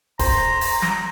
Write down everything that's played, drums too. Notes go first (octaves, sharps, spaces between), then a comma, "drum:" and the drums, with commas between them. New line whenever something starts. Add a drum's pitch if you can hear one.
C5 A#5, drum: kick D1, open hi-hat
drum: open hi-hat
drum: snare